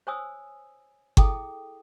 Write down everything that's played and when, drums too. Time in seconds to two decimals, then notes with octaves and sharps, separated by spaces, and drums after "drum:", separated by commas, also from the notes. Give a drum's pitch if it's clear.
0.07 C5 C#5 G#5 D#6 E6
1.17 E4 G#4 A4 G5 D#6, drum: kick G1